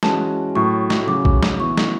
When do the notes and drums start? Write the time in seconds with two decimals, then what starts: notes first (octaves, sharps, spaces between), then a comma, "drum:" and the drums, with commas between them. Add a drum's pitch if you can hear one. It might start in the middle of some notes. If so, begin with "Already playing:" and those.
0.03 E3 G#3 C#4 F#4 A5, drum: snare
0.55 A2 F#3 A3 C#6
0.90 drum: snare
1.07 C#3 F#3 C#4 F#4 D6
1.25 drum: kick
1.43 drum: snare
1.60 E3 B3 E4 C#6
1.77 drum: snare